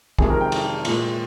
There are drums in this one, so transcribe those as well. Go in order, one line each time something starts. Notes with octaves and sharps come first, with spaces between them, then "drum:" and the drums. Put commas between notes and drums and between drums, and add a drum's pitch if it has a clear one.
F2 C3 D#3 G#3 G#4, drum: kick
A#4
G5
drum: cymbal
A#2 G#3, drum: cymbal